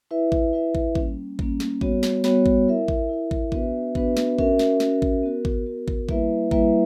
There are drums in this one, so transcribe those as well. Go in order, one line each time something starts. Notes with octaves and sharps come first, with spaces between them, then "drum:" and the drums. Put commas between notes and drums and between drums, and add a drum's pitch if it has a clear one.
E4 B4 E5
drum: kick
E4 B4 E5
drum: kick
G3 A#3 C#4, drum: kick
G3 A#3 C#4, drum: kick
drum: snare
G3 B3 F#4 C#5, drum: kick
drum: snare
G3 B3 F#4 C#5, drum: snare
drum: kick
E4 A#4 E5
drum: kick
E4 A#4 E5
drum: kick
B3 D4 F#4 B4 E5, drum: kick
B3 D4 F#4 B4 E5, drum: kick
drum: snare
C#4 F#4 A#4 E5, drum: kick
drum: snare
C#4 F#4 A#4 E5, drum: snare
drum: kick
B3 F#4 A#4
drum: kick
B3 F#4 A#4
drum: kick
G3 A#3 E4 B4 E5, drum: kick
G3 A#3 E4 B4 E5, drum: kick